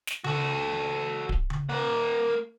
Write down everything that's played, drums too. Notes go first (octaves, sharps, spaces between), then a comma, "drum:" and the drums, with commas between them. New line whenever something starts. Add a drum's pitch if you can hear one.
drum: snare
F#4 A4, drum: tom C#3
drum: kick D1
drum: tom C#3
A#3 F#5